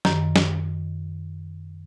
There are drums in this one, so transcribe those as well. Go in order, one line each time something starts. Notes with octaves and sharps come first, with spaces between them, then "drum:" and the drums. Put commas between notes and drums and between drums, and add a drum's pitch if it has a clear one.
F#2 D#3, drum: snare
drum: snare